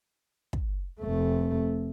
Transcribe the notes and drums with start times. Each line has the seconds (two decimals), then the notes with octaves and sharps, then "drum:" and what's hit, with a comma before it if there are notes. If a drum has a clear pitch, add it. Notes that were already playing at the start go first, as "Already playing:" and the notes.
0.53 drum: kick
1.00 F1 A3